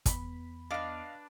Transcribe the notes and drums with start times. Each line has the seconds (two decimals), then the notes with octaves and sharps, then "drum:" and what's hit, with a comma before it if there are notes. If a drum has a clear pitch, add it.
0.06 E2 B3 B5, drum: kick, hi-hat
0.71 D4 B4 D#5 F5 D7